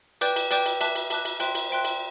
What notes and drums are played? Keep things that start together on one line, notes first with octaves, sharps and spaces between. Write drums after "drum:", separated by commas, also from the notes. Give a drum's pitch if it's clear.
B4 D5 G5 D6 G6, drum: cymbal
drum: cymbal
B4 D5 G5 D6 G6, drum: cymbal
drum: cymbal
E5 A5 D6 F#6, drum: cymbal
drum: cymbal
E5 A5 D6 F#6, drum: cymbal
drum: cymbal
C5 E5 G5 C6 F#6, drum: cymbal
drum: cymbal
C5 E5 G5 C6 F#6
drum: cymbal